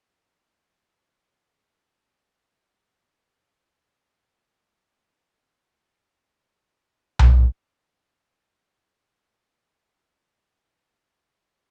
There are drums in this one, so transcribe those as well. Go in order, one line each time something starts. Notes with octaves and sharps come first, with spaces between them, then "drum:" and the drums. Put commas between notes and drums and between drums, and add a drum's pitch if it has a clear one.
G#4 E5
B4 F#6
A3 C#4 D#4 G4
A#3 D4 F#4
drum: tom B1
F#4
F5
F#4
C#5
C#4
G4 F#6 C7
B1 F2 E7
A4 D6 D#6 E7